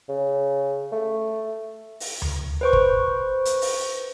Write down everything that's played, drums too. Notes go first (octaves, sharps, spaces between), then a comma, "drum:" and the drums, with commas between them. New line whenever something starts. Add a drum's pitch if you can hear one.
C#3
A3
drum: open hi-hat
drum: tom D2
B4 C5 C#6
drum: kick
drum: hi-hat
drum: open hi-hat